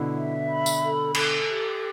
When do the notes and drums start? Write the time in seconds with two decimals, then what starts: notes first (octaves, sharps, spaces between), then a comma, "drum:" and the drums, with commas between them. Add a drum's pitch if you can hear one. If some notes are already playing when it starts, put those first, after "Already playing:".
Already playing: B2 D3 E4
0.16 E5
0.48 B5
0.66 drum: tambourine
0.82 A4
1.14 A4, drum: cymbal
1.48 G4